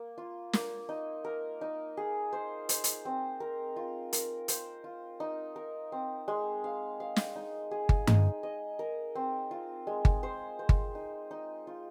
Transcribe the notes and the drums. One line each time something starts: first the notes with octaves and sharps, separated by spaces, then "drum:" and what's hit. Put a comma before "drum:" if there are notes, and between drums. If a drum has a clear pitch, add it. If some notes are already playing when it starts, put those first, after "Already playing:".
Already playing: A#3
F4
A#3, drum: snare
D#4
A#4
D#4
G#4
C5
C5, drum: hi-hat
drum: hi-hat
C4
A#4
F4
A#4, drum: hi-hat
C5, drum: hi-hat
F4
D#4
A#4
C4
G#3
F5
F5
drum: snare
D#4
G#4
drum: kick G1
D#4, drum: tom G2
D#5
A#4
C4
F4
G#3
drum: kick G1
C5
C5
drum: kick G1
D#4
D#4
F4